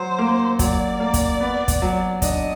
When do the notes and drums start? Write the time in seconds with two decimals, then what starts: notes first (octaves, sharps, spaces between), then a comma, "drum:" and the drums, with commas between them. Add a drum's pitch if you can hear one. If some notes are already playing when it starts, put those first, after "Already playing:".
Already playing: F#3 C5
0.19 A#3
0.59 F#3 D5, drum: kick, hi-hat
1.00 A#3
1.14 drum: kick, hi-hat
1.40 B3
1.68 drum: kick, hi-hat
1.82 F#3
2.22 D4 D#5, drum: kick, hi-hat